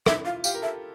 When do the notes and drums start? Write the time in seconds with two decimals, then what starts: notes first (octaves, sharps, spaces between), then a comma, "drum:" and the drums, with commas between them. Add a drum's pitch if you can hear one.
0.06 E4 E5, drum: rim click
0.25 F4 F5
0.44 G4 F5, drum: tambourine
0.55 A#4
0.62 A4 E5